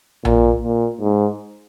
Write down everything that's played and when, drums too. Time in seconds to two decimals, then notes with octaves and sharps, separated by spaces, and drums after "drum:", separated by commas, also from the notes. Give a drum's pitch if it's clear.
0.25 A#2, drum: tom A#1
0.63 A#2
1.01 G#2